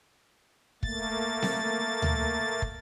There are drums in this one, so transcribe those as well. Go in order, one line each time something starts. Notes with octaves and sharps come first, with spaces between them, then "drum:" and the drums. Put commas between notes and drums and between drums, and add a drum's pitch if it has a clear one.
A3 A#3 A6, drum: kick
drum: snare C4
drum: tom D2
drum: kick